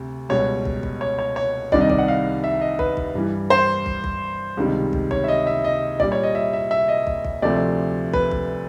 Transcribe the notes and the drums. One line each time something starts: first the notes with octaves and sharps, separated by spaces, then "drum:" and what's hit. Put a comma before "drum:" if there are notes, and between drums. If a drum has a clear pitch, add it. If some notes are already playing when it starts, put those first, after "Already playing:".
Already playing: D2 C3
C#2 B2 G3 C#5
drum: kick
drum: kick
C#5
C#5
C#5
C2 C3 D#3 G3 D5, drum: kick
D#5
D5, drum: kick
F#5
F5
E5
D#5
B4, drum: kick
drum: kick
G2 E3 G3
C5
drum: kick
drum: kick
C#2 C3 D#3 G3
drum: kick
C#5, drum: kick
E5
D#5
E5
D#5
A#2 G3 D5, drum: kick
C#5
D#5
E5
E5
E5
D#5
drum: kick
drum: kick
D2 C3 F3 A3 D5
B4, drum: kick
drum: kick